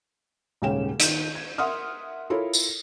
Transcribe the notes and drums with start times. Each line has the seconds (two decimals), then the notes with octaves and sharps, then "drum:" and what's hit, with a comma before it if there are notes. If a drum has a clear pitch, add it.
0.62 D#1 G#2 C#3 C#4 G5 E7
1.00 D#3 G6, drum: hi-hat
1.35 G#6
1.58 A#4 E5 F#5 C6 D#6 F6
2.30 E4 F4 A4 A#4 C#5
2.53 drum: tambourine